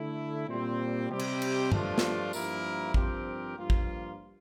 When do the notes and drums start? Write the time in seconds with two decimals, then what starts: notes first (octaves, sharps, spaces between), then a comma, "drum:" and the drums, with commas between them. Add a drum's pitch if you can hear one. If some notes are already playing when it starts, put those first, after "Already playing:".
Already playing: D3 A3 E4
0.48 A#2 G3 C4
1.09 C3 G3 C4 G4
1.19 drum: cymbal
1.42 drum: cymbal
1.72 G2 F3 A3 D4 F4, drum: tom G2
1.98 drum: snare
2.33 G2 F3 A#3 E4 A#4, drum: tambourine
2.94 G2 F3 C4 G4 A#4, drum: kick
3.57 G2 F3 A#3 F4
3.70 drum: kick